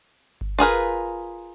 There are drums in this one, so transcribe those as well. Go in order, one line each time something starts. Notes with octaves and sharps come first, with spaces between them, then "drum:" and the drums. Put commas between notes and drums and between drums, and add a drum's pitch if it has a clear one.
drum: kick G1
F4 G#4 A#4 B4